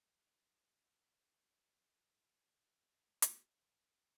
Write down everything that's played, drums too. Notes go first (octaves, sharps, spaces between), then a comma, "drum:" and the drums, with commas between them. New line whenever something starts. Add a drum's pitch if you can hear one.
C#4
F#3 D4
D#4
D4
F3 E4
F4
D#3
F#4
G4
D3 G#4
A#2 G4
F#4
F4
A#2 E4
A2
drum: hi-hat
G#2
D4
D#4
D#4